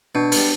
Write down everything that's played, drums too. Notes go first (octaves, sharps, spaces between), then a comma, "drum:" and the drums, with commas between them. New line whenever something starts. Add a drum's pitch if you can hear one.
B2 D4
G3 B3, drum: open hi-hat